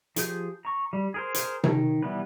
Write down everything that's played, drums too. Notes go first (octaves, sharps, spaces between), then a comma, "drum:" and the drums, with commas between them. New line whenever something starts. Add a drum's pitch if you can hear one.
F3 G4 G#4 G6, drum: hi-hat
A#5 C#6
G3
G#4 A#4 C5
drum: hi-hat
D#3, drum: tom C3
E3 G3 B3 B4